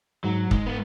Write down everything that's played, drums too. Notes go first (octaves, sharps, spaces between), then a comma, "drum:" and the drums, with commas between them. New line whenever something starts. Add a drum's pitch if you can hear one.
G#2 F#3
G#2 G#3, drum: kick
B3